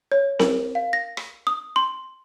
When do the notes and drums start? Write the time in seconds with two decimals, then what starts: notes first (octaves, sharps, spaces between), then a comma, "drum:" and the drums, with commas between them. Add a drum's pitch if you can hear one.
0.12 C#5
0.39 A#4, drum: snare C4
0.75 F5
0.93 A#6
1.17 drum: rim click
1.47 D#6
1.76 C6